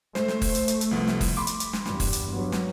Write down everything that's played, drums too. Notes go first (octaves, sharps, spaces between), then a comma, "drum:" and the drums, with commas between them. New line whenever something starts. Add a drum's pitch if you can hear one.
A3 C5, drum: snare
drum: snare
drum: kick, open hi-hat
drum: hi-hat
drum: hi-hat
drum: hi-hat
C2 F3 B3
drum: snare
drum: kick, open hi-hat
B5 C6 D6
drum: hi-hat
drum: hi-hat
drum: snare
E2 G2, drum: snare
drum: kick, open hi-hat
drum: hi-hat
G2 F#3 B3
drum: snare